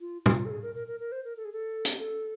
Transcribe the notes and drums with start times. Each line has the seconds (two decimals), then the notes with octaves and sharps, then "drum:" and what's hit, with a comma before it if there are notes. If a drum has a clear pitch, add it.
0.01 F4
0.26 F4, drum: tom
0.45 A4
0.50 G#4
0.63 A#4
0.75 A#4
0.88 A#4
1.00 A#4
1.12 C5
1.25 A#4
1.37 A4
1.45 G#4
1.52 A4
1.85 drum: hi-hat
1.99 A4